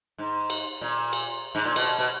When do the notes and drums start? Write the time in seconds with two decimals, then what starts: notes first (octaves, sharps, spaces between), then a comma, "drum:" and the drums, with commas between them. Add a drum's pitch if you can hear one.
0.18 G#2
0.50 drum: cymbal
0.81 A#2
1.13 drum: cymbal
1.55 G#2
1.65 A#2
1.76 B2, drum: cymbal
1.99 B2